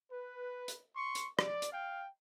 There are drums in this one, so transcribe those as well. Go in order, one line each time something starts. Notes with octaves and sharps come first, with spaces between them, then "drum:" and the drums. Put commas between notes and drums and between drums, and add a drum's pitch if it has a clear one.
B4
drum: hi-hat
C6 C#6
drum: hi-hat
D5, drum: rim click
drum: hi-hat
F5 G5